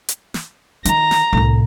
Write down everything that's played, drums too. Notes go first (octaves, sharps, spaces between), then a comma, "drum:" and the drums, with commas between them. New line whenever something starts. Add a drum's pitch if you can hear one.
drum: hi-hat
drum: snare
D#3 A#5, drum: hi-hat
drum: snare
C2 A2